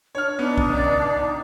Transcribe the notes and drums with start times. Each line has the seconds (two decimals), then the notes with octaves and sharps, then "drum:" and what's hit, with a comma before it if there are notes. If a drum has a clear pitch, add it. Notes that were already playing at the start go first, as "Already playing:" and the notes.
0.15 D4 C#5 F6
0.39 B3 D4 D#4
0.58 drum: kick B1
0.69 C#2 D5